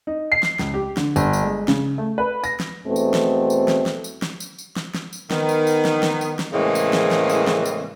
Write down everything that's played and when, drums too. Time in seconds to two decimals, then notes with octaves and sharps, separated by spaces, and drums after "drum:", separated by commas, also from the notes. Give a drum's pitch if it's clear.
0.07 D#4
0.32 C7
0.43 drum: snare
0.59 C#2, drum: snare
0.74 G4
0.97 D3, drum: snare
1.16 G1, drum: tambourine
1.33 drum: tambourine
1.43 G#3
1.68 C#3, drum: snare
1.98 A3
2.18 B4
2.44 A#6, drum: tambourine
2.60 drum: snare
2.86 E2 B2 A3 C4
2.96 drum: tambourine
3.14 drum: snare
3.50 drum: tambourine
3.68 drum: snare
3.86 drum: snare
4.04 drum: tambourine
4.22 drum: snare
4.40 drum: tambourine
4.58 drum: tambourine
4.77 drum: snare
4.95 drum: snare
5.13 drum: tambourine
5.31 D#3 B3, drum: snare
5.49 drum: tambourine
5.67 drum: tambourine
5.85 drum: snare
6.03 drum: snare
6.21 drum: tambourine
6.39 drum: snare
6.53 A2 C#3 E3 G#3 A#3 C4
6.75 drum: tambourine
6.93 drum: snare
7.11 drum: snare
7.29 drum: tambourine
7.47 drum: snare
7.66 drum: tambourine